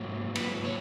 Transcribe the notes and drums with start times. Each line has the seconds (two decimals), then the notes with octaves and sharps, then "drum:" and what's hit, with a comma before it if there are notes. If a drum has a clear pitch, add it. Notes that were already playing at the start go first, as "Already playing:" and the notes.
Already playing: G#2 F#3 A#3
0.35 B4, drum: cymbal
0.65 C#5